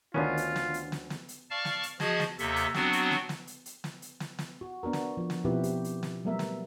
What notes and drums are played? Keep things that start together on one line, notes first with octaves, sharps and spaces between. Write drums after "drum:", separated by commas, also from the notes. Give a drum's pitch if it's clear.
D2 D#3 B3 C#4 D4 F4
drum: hi-hat
drum: snare
drum: hi-hat
drum: snare
drum: snare
drum: hi-hat
D5 F5 A5 C#6 F6
drum: snare
drum: hi-hat
F3 F#4 G#4 D#5 A5 G#6, drum: snare
drum: snare
D#2 C3 A4 E5, drum: hi-hat
drum: hi-hat
F#3 B3 C4 D4 F#4, drum: snare
drum: hi-hat
drum: snare
drum: snare
drum: hi-hat
drum: hi-hat
drum: snare
drum: hi-hat
drum: snare
drum: snare
F#4
B3 D4 F#4 A#4
drum: snare
F3
drum: snare
B2 F3 C4 E4 G4 B4
G4, drum: hi-hat
drum: hi-hat
drum: snare
F#3 G3 A3 B3 A#4 E5
drum: snare